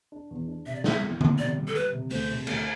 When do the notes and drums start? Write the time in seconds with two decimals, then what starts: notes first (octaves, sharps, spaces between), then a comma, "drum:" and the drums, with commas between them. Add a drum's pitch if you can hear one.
0.12 D4
0.31 E2
0.48 D4
0.66 C3 E5
0.75 D5
0.84 C3 E5, drum: snare
1.03 E2
1.21 D4, drum: tom D3
1.39 C3 D5
1.57 G3
1.68 A4
1.75 G3 B4
1.92 C3
2.11 D2 C5, drum: open hi-hat
2.30 C3
2.47 D2, drum: cymbal